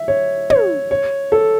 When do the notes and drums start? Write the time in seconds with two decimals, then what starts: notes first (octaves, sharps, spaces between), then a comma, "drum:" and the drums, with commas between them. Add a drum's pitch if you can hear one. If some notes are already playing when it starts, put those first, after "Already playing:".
Already playing: E5
0.08 C#5
0.50 C#5, drum: tom
0.91 C#5
1.32 A4